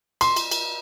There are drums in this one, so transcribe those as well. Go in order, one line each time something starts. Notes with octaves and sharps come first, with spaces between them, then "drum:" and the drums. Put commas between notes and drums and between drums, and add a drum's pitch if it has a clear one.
C6, drum: cymbal
drum: cymbal
drum: cymbal